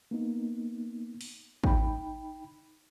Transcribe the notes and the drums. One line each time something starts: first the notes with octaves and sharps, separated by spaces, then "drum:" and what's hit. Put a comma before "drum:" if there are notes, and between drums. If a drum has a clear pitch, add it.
A#3 B3 D#4
drum: open hi-hat
D#4 G5 B5, drum: kick A1